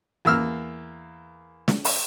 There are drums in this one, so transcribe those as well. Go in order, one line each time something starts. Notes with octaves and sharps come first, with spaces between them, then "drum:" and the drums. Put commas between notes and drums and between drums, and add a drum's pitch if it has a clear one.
E2 A#3 E6 F6
drum: snare
drum: open hi-hat